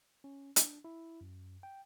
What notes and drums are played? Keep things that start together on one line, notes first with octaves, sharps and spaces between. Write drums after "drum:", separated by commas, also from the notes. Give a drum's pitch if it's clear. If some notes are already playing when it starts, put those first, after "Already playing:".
C#4
D4, drum: hi-hat
E4
F#2
G5